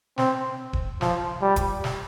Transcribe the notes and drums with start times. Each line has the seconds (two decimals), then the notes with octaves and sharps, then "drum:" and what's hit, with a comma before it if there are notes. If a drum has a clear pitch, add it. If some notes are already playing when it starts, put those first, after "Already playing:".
0.18 C4, drum: snare
0.73 drum: kick D#1
1.01 F3, drum: snare
1.42 G3
1.56 drum: kick D#1, hi-hat
1.84 drum: snare